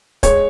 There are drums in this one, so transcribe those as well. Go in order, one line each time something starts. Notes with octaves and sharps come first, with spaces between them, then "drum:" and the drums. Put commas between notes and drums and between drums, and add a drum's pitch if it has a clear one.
G#3 C#5, drum: kick, hi-hat